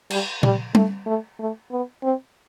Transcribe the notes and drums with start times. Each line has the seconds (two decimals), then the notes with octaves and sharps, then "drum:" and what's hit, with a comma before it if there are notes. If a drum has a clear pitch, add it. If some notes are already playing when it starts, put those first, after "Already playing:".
0.10 G3, drum: cymbal
0.43 G3, drum: tom A#2
0.75 A3, drum: tom G3
1.06 A3
1.40 A3
1.71 B3
2.03 C4